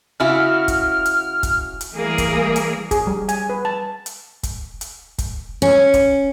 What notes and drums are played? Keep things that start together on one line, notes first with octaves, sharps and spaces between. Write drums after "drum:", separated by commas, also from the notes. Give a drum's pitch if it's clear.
C#3 E4 F#4 F6
drum: kick, hi-hat
drum: hi-hat
drum: kick, hi-hat
drum: hi-hat
E3 G3 A#3 G#4 A#4
drum: kick, hi-hat
drum: hi-hat
G#4, drum: kick, hi-hat
G3
G#5, drum: hi-hat
B4
A5
drum: hi-hat
drum: kick, hi-hat
drum: hi-hat
drum: kick, hi-hat
C#4
drum: kick, hi-hat